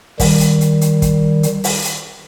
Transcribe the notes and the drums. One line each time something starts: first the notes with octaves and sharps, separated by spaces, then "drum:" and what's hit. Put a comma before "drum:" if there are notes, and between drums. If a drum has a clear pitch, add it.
D#3 G3, drum: kick, open hi-hat
drum: hi-hat
drum: hi-hat
drum: hi-hat
drum: kick, hi-hat
drum: hi-hat
drum: open hi-hat
drum: hi-hat